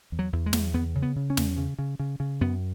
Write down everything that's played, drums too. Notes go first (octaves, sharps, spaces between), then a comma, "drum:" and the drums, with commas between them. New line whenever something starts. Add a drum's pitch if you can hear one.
E2
F#3
E2
G#3
E2, drum: snare
E2 B3
C#3
B3
C#3
C#4
E2, drum: snare
C#3
C#3
C#3
C#3
F#2 B3